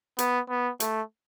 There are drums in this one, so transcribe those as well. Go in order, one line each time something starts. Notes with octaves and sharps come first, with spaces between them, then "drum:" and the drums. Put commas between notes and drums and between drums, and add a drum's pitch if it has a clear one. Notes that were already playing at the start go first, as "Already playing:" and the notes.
B3, drum: hi-hat
B3
A3, drum: hi-hat